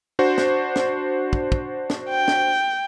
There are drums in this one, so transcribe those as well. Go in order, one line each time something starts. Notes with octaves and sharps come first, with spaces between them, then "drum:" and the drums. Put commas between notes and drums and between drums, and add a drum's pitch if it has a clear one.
D4 F#4 C5
drum: snare
drum: snare
drum: kick
drum: kick
drum: snare
G5
drum: snare